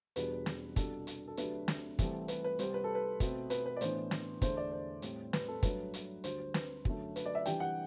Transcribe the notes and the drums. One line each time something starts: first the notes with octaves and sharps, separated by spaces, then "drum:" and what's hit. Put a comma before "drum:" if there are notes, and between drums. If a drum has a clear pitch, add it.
E2 B2 G3 B3 D4 B4, drum: hi-hat
drum: snare
C2 B2 G3 D4 A4, drum: kick, hi-hat
drum: hi-hat
A4
D2 C3 F#3 A3 D4 B4, drum: hi-hat
drum: snare
C2 C3 E3 A3 C4, drum: kick, hi-hat
B4, drum: hi-hat
B4
C2 C3 G3 C5, drum: hi-hat
B4
A4
B4
B2 A3 C4, drum: kick, hi-hat
B4, drum: hi-hat
B4
D5
A2 E3 B3 D4 C5, drum: hi-hat
drum: snare
E2 D3 A3 D4 C5, drum: kick, hi-hat
D5
C5
A2 G3 C4, drum: hi-hat
B4, drum: snare
A4
G2 F#3 A3 D4 B4, drum: kick, hi-hat
drum: hi-hat
D2 D3 G3 C5, drum: hi-hat
C5
B4, drum: snare
F#2 D3 F#3 A3, drum: kick
B4, drum: hi-hat
D5
E5
C3 E3 G3 D4 G5, drum: hi-hat
F#5